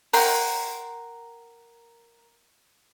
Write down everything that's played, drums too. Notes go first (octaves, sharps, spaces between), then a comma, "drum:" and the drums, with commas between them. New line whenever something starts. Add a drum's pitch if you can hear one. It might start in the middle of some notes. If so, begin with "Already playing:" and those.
A#4 F#5 G5 C6, drum: open hi-hat